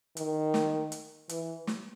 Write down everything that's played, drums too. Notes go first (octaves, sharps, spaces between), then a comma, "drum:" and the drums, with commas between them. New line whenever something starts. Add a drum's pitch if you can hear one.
D#3, drum: hi-hat
drum: snare
drum: hi-hat
E3, drum: hi-hat
drum: snare